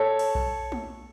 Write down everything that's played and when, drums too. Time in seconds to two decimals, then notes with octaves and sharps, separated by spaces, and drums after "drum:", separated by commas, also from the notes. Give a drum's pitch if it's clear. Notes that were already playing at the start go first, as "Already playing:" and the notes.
Already playing: A4 C#5
0.19 drum: cymbal
0.35 drum: kick B1
0.72 drum: tom